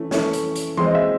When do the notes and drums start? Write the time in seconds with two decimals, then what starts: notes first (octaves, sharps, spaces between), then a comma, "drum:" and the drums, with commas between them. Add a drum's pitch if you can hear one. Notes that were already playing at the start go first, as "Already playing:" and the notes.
Already playing: E3 A3 C#4
0.11 E3 A3 C#4, drum: snare
0.33 drum: hi-hat
0.56 drum: hi-hat
0.77 E3 G#3 C4 C6, drum: tom E3
0.87 D#5
0.95 E5